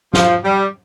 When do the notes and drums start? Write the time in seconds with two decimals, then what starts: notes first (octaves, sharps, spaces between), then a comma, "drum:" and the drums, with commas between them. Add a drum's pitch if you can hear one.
0.13 F3, drum: snare
0.44 G3